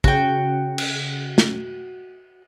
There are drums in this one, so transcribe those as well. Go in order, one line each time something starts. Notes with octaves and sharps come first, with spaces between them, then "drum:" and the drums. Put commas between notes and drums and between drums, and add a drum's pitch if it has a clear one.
C#3 F#4 G5, drum: kick
drum: cymbal
drum: snare